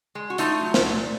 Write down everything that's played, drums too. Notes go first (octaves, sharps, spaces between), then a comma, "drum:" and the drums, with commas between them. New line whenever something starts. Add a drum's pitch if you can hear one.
G#3
F#4
A3 D#4 F4, drum: hi-hat
F#3
drum: snare
A#2